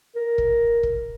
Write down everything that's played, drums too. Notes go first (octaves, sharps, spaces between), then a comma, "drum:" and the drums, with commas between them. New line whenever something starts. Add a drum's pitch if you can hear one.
A#4
drum: kick
drum: kick